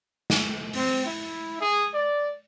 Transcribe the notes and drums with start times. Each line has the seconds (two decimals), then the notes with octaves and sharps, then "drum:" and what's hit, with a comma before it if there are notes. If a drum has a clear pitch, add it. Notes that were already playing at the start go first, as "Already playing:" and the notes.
0.30 drum: snare
0.73 C4, drum: open hi-hat
1.05 E4
1.60 G#4
1.94 D5